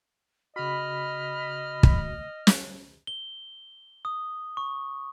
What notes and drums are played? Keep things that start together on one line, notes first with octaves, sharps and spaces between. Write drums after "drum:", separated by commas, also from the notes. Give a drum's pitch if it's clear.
C#3 F#4 D#5 B5 F6
drum: kick
drum: snare
G7
D#6
C#6